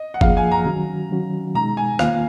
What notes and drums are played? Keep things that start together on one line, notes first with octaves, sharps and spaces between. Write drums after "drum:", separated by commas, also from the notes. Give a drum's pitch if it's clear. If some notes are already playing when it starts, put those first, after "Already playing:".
Already playing: D#5
F#5
F#2 F3 A#3 F4 G#4 F5, drum: kick G1
G#5
A#5
D#3 F#3 C#4 F#4
D#3 F#3 C#4 F#4
B2 G#3 D#4 A#5
G#5
D#2 D#3 A#3 F4 F5, drum: rim click